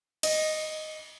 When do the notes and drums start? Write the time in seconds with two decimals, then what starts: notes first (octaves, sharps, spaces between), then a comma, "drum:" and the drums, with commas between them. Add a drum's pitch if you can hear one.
0.23 D#5, drum: cymbal